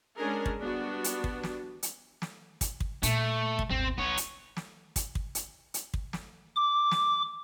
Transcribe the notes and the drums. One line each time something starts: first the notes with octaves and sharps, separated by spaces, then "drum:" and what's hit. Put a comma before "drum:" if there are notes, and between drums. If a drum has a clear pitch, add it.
G#3 C#4 D4 G#4 A#4
drum: kick
G3 B3 D4 F#4
drum: hi-hat
drum: kick
drum: snare
drum: hi-hat
drum: snare
drum: kick, hi-hat
drum: kick
A#2 A3 A#3, drum: hi-hat
drum: kick
G#1 D#2 C4
C#2 B3 F4 C#5
drum: hi-hat
drum: snare
drum: kick, hi-hat
drum: kick
drum: hi-hat
drum: hi-hat
drum: kick
drum: snare
D6
drum: snare